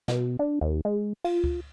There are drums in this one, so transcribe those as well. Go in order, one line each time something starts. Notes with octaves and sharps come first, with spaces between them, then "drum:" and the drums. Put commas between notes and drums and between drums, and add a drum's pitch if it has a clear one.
B2, drum: snare
D4
D#2
G#3
F4, drum: cymbal
drum: kick C#2